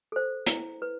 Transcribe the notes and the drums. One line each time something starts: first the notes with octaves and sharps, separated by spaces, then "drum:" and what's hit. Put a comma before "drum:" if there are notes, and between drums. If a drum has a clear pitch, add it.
A4 C5
E4, drum: hi-hat
B4